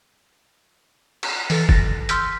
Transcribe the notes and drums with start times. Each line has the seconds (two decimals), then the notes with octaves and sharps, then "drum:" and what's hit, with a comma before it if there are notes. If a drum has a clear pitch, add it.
1.23 drum: cymbal
1.50 E3 A4 A6, drum: open hi-hat
1.69 A6 A#6, drum: kick
2.09 C6 E6 F6 G6 B6, drum: hi-hat